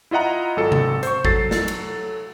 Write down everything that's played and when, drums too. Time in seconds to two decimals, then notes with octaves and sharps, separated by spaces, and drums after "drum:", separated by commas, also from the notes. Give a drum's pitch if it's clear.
0.11 E4 F4 D#5 F#5 A#5
0.56 G#1 F#3 A4 C#7
0.72 drum: tom C3
1.03 C5 C#6, drum: hi-hat
1.25 F#3 A4 A6 C7, drum: kick
1.51 drum: snare
1.68 drum: cymbal